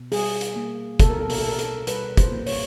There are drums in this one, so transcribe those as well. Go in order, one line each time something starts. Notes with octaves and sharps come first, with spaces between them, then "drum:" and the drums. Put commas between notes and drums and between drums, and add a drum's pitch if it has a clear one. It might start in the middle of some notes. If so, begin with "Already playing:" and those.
Already playing: B2
G3 G#4, drum: open hi-hat
drum: hi-hat
A#3
B2 A4, drum: kick, hi-hat
A#4
A4
A#4, drum: open hi-hat
A4
B2 A#4
A4, drum: hi-hat
G3 B4, drum: hi-hat
C5, drum: kick, hi-hat
A#3
C#5, drum: open hi-hat